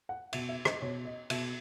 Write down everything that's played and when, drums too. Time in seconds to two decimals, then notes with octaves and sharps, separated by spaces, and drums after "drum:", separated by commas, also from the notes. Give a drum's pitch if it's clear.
0.09 F#5
0.33 B2 E5, drum: cymbal
0.49 E5
0.65 D#5, drum: rim click
0.82 B2 C#5
1.05 D#5
1.30 B2 E5, drum: cymbal